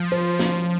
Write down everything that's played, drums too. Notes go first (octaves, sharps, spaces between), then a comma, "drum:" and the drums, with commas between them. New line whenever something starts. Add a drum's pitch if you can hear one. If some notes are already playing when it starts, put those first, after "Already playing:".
Already playing: F3
C5
C#4, drum: snare